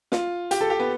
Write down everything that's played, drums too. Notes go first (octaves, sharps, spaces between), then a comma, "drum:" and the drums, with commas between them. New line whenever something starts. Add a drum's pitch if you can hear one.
F4, drum: snare
G4, drum: hi-hat
A4
G4
B3